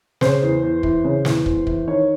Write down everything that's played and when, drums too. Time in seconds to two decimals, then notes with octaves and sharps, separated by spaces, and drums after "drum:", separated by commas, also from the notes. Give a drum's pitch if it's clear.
0.21 C#3 C5, drum: snare
0.42 E2
0.63 E2
0.83 E3, drum: kick
1.04 C#3
1.25 E2, drum: snare
1.46 E2, drum: kick
1.67 E3, drum: kick
1.87 D#3 C#5